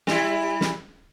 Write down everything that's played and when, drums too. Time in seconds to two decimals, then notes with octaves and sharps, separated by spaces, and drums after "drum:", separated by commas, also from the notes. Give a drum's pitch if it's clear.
0.07 G3 E4, drum: snare
0.61 drum: snare